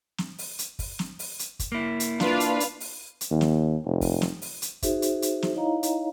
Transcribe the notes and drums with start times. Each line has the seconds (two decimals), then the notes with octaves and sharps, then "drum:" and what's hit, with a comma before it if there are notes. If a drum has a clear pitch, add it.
0.18 drum: snare
0.38 drum: open hi-hat
0.59 drum: hi-hat
0.79 drum: kick, open hi-hat
0.99 drum: snare
1.19 drum: open hi-hat
1.39 drum: hi-hat
1.59 drum: kick, hi-hat
1.72 A#3 E4
2.00 drum: hi-hat
2.20 D4 F4 B4 F5, drum: snare
2.40 drum: hi-hat
2.60 drum: hi-hat
2.80 drum: open hi-hat
3.21 drum: hi-hat
3.30 D#2
3.41 drum: snare
3.85 F1
4.01 drum: kick, open hi-hat
4.22 drum: snare
4.42 drum: open hi-hat
4.62 drum: hi-hat
4.82 D#4 F#4 G#4 C5 E5, drum: kick, hi-hat
5.02 drum: hi-hat
5.22 drum: hi-hat
5.42 drum: snare
5.54 D#4 E4 C#5 D#5 F5 A#5
5.83 drum: hi-hat